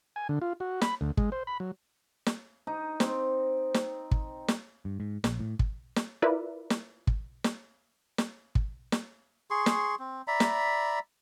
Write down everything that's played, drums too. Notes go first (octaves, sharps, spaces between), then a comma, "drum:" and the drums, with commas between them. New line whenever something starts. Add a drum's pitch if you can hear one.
G#5
D3
F4
F#4
B5, drum: snare
D2
G#3, drum: kick
C5
B5
F#3
drum: snare
D#4
C4, drum: snare
drum: snare
drum: kick
drum: snare
G2
G#2
A#1, drum: snare
A2
drum: kick
drum: snare
E4 F4 A#4 B4 D5 E5
drum: snare
drum: kick
drum: snare
drum: snare
drum: kick
drum: snare
G#4 C6 C#6
drum: snare
C4
D5 E5 A#5 B5
drum: snare